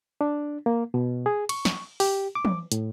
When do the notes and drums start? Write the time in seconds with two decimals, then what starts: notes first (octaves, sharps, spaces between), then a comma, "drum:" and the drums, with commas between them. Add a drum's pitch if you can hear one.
0.21 D4
0.66 A#3
0.94 B2
1.26 G#4
1.49 C#6, drum: cymbal
1.65 drum: snare
2.00 G4, drum: open hi-hat
2.35 D6
2.45 drum: tom
2.72 A2, drum: hi-hat